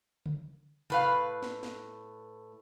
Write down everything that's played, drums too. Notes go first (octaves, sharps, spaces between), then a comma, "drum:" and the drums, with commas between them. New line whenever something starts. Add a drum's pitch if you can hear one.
drum: tom C#3
A2 B4 F5, drum: tom C3
drum: snare
drum: snare